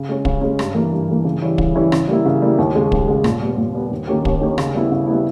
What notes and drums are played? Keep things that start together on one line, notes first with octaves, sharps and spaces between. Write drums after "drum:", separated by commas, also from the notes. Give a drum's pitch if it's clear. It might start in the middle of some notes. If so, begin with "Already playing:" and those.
Already playing: C#3
G#3 C#4
C#3, drum: kick
G#3 C#4
G2, drum: rim click
E3 A#3
G2
E3 A#3
C#3
E3 G3 C#4 E4
C#3, drum: kick
E3 G3 C#4 E4
C#3, drum: rim click
G3 A#3 E4
C#3
G3 A#3 E4
D#2
C#3 G#3
D#2, drum: kick
C#3 G#3
A#2, drum: rim click
G3 B3
A#2
G3 B3
D#2
D#3 A#3 C#4 G4
D#2, drum: kick
D#3 A#3 C#4 G4
C#3, drum: rim click
G3 B3 E4
C#3
G3 B3 E4